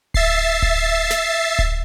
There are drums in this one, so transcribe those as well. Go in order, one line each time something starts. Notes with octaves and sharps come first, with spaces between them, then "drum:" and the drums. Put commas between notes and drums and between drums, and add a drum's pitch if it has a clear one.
E5 A6 C7, drum: kick D1
drum: kick D1
drum: snare
drum: kick D1